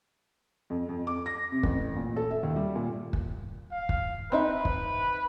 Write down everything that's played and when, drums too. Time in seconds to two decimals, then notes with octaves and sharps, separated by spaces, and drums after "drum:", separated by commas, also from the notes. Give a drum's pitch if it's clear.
0.70 F2
0.89 F2
1.07 D6
1.26 A#6
1.52 C3
1.63 A1, drum: kick
1.96 A#2
2.16 A4
2.31 E5
2.43 D#2
2.56 G3
2.75 A#2
3.13 drum: kick
3.72 F5
3.89 drum: kick
4.32 C4 D#4 B4 E5
4.65 drum: kick